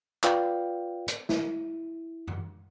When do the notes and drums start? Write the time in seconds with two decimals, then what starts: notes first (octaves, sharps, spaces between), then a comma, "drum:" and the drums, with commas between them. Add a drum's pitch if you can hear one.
0.24 F4 B4 D5 F5 G5, drum: clap
1.08 drum: hi-hat
1.29 E4, drum: snare
2.28 drum: tom F#2